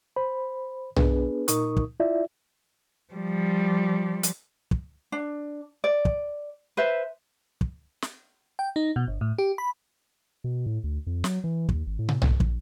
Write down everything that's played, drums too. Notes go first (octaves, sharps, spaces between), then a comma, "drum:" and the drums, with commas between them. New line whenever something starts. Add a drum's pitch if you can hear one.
C5 B5
B3 D4 G#4 B4, drum: tom B1
A#2 D#4 A#4 C#6 D#6, drum: hi-hat
drum: kick
E4 F4 D5 E5
F3 G3
drum: hi-hat
drum: kick
D4
D5
drum: kick
B4 C5 E5
drum: kick
drum: snare
G5
D#4
B2
G1
A2
G4
B5
B2
A2
D2
F2
F#3, drum: snare
E3
D#2, drum: kick
G#1
A2
drum: tom
A1, drum: tom B1
A#1, drum: kick